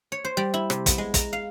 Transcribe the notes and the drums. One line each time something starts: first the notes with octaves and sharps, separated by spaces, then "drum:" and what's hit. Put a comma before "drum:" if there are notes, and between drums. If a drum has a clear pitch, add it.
C#5
C5
G3
E4
C3, drum: rim click
B3, drum: kick, hi-hat
G#3
A#5, drum: kick, hi-hat
F5